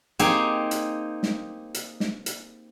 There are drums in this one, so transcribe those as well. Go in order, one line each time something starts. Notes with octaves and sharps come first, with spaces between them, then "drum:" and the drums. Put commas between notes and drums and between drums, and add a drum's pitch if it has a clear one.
A#3 C4 D#4 G4 G#4, drum: hi-hat
drum: hi-hat
drum: snare
drum: hi-hat
drum: snare
drum: hi-hat